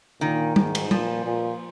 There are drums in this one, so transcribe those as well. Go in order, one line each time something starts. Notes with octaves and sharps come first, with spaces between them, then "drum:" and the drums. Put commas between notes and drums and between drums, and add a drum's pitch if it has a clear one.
A#2 D#3
G#2, drum: tom
drum: cymbal
A#2 F3, drum: tom
A#2